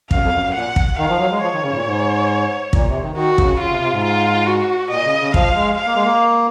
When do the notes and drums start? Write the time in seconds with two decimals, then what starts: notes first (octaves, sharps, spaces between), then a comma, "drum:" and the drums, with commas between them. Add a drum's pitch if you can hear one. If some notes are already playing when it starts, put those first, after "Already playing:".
0.11 F#2 F5, drum: kick
0.22 F2
0.33 F#2
0.43 F#2
0.54 A#2 F#5
0.76 drum: kick
0.98 D#3 F5
1.09 F3
1.19 F#3
1.31 G#3
1.42 F3 C#5
1.52 D#3
1.63 C#3
1.71 G#2
1.74 A#2
1.84 G#2
2.73 A#2, drum: kick
2.87 C3
3.02 D#3
3.15 D#3 F#4
3.38 C#3, drum: kick
3.59 C#3 F4
3.70 C3
3.81 C3
3.92 G#2
4.04 F4
4.46 F#4
4.90 A#2 D#5
5.04 C#3
5.20 C#3
5.34 F3 F5, drum: kick
5.56 G#3
5.77 F5
5.86 A#3
5.95 G#3
6.04 A#3